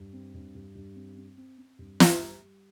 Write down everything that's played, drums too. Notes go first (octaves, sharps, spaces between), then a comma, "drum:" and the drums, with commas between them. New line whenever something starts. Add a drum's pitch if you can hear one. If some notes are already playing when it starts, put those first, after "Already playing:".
Already playing: G2
C4
G2
G2
G2
C4
C4
C4
C4
G2
G3, drum: snare
G3
G3